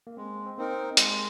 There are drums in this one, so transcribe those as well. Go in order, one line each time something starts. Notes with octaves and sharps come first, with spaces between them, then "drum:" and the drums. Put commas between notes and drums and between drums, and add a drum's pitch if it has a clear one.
A#3
G#3 C4
C4
A#3 C4 D#4 A#4
G#3, drum: hi-hat